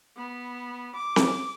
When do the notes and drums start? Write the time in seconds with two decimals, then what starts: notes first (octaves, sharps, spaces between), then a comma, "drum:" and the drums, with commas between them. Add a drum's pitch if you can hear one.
0.16 B3
0.96 D6
1.16 drum: snare C4